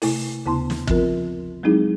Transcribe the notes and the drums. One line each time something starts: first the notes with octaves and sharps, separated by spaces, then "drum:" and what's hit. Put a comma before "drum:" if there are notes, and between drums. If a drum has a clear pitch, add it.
C3 A3 E4, drum: open hi-hat
D#2 C#3 B3 E4 A5 C6
drum: snare
F3 C4 F4 A#4, drum: kick
F#3 G#3 C4 D#4 E4 G#4